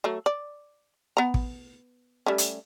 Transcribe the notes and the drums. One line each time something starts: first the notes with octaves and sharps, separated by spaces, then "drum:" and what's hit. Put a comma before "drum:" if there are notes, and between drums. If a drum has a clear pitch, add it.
F#3 A3
D5
B3 A#5
drum: kick
G3 A3 C#4
drum: hi-hat